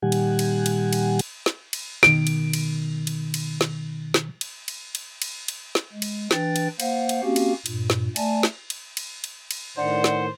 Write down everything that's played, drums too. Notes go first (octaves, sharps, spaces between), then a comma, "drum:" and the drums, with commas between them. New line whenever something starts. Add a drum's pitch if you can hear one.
A#2 D#3 G3 G4 F#5 G#5
drum: cymbal
drum: cymbal
drum: cymbal
drum: cymbal
drum: cymbal
drum: snare
drum: cymbal
B2 D#3 D7, drum: snare
drum: cymbal
drum: cymbal
drum: cymbal
drum: cymbal
drum: snare
drum: snare
drum: cymbal
drum: cymbal
drum: cymbal
drum: cymbal
drum: cymbal
drum: snare
G#3
drum: cymbal
E3 D4 B4 G5 A6, drum: snare
drum: cymbal
A#3 C5 F5 F#5, drum: cymbal
drum: cymbal
A#3 C4 C#4 F#4 G4 F5
drum: cymbal
G2 A#2, drum: cymbal
drum: snare
A3 D5 G#5 A5, drum: cymbal
drum: snare
drum: cymbal
drum: cymbal
drum: cymbal
drum: cymbal
A2 D#3 D4 C5 F#5
drum: snare